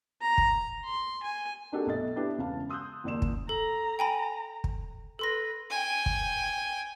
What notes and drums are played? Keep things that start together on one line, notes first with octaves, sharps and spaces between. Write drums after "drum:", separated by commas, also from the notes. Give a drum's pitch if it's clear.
A#5
drum: kick
C6
G#5
A#3 D4 D#4 F#4 G4 A4
B1 A3 D#5 A6
B3 D4 E4 G4 B4
E1 C#3 F5 A5
C6 D#6 E6 F#6 G6
F#1 D#2 D5 C6 E7
drum: kick
A4 A#5
G5 G#5 B5
drum: kick
A4 B4 C6 A#6
G5 G#5
drum: kick